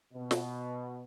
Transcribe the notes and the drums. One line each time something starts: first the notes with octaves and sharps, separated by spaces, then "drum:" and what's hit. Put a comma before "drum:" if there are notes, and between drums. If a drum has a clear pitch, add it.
B2
drum: snare